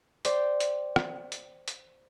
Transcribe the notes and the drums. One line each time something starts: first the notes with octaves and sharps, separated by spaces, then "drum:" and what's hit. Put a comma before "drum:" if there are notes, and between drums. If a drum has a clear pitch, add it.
C5 D5 G5, drum: hi-hat
drum: hi-hat
drum: rim click
drum: hi-hat
drum: hi-hat